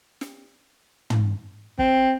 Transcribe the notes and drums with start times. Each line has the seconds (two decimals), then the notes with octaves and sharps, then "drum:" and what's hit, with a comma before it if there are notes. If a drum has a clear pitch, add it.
0.21 drum: snare
1.10 drum: tom
1.79 C4, drum: kick